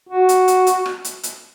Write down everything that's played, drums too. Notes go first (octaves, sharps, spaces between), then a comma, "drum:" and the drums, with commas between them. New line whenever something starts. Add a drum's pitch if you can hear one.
F#4
drum: hi-hat
drum: hi-hat
drum: hi-hat
drum: rim click
drum: hi-hat
drum: hi-hat